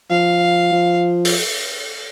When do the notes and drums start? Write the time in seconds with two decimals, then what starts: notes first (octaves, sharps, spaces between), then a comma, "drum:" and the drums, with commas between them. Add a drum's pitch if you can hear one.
0.10 F3 F5
0.72 F3
1.25 drum: open hi-hat